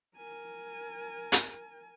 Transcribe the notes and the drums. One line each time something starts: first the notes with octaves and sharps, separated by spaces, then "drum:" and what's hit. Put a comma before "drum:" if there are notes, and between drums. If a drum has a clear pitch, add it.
A#4 G#5
drum: hi-hat